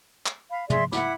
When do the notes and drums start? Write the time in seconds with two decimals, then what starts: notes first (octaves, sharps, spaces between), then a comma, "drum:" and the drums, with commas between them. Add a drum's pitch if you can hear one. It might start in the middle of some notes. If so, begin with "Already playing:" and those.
0.26 drum: clap
0.50 F5 B5
0.70 G#4 D5 E5 C6, drum: tom
0.92 E4 F#5 B5 D6, drum: snare